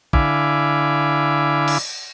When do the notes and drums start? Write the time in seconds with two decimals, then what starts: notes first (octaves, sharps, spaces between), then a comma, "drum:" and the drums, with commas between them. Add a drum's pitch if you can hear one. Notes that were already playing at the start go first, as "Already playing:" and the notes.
0.13 D3 E4 F5 G#5 B5 D6, drum: kick
1.68 drum: cymbal